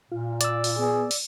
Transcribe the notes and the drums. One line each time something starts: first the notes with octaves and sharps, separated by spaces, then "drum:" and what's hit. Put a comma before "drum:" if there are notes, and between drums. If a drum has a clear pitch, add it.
A#2 F4
D5 E6, drum: hi-hat
drum: open hi-hat
B3 G#4
drum: open hi-hat